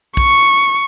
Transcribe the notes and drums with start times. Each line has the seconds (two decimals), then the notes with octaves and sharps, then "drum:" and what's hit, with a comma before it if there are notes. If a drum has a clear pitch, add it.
0.17 C#6, drum: kick